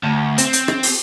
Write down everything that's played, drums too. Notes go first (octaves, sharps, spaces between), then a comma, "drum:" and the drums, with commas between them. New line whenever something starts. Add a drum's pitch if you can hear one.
D2
C4, drum: hi-hat
drum: hi-hat
drum: rim click
drum: open hi-hat